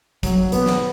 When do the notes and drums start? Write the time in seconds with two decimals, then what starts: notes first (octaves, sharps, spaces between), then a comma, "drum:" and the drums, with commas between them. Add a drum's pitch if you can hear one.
0.23 F#3, drum: kick, hi-hat
0.52 B3, drum: hi-hat
0.66 drum: snare